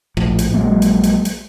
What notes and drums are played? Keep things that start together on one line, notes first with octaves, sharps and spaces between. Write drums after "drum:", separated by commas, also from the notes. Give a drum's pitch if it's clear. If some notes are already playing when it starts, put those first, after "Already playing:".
A#1 A2 F3, drum: rim click
drum: hi-hat
A#1 F#3 G#3 A#3
drum: hi-hat
drum: hi-hat
drum: hi-hat